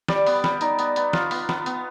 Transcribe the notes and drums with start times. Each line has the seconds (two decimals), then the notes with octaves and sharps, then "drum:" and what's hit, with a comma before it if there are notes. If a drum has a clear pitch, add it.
0.08 G3 D5, drum: snare
0.27 B3, drum: open hi-hat
0.44 G3, drum: snare
0.61 D#4, drum: hi-hat
0.79 B3, drum: hi-hat
0.96 B3, drum: hi-hat
1.13 F4, drum: snare
1.31 B3, drum: open hi-hat
1.49 B3, drum: snare
1.66 B3, drum: hi-hat